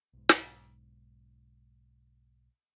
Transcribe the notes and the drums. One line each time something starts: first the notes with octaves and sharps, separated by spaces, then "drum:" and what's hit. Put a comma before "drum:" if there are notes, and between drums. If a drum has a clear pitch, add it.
B1 G#2
drum: snare